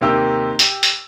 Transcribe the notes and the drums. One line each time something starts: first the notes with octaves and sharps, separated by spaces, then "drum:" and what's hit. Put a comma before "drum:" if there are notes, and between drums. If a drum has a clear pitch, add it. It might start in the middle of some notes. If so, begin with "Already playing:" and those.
D#2 C3 A#3 D#4 G4 E6
G4, drum: hi-hat
drum: hi-hat